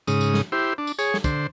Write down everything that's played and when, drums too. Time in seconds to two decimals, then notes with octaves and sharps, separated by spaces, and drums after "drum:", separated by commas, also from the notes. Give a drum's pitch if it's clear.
0.07 G#2 C#3 D#6, drum: tambourine
0.21 drum: tambourine
0.34 drum: snare
0.52 E4 G4 C5
0.78 D4
0.87 drum: tambourine
0.99 G#4 C#5, drum: tambourine
1.14 drum: snare
1.24 D3 C5, drum: kick, tambourine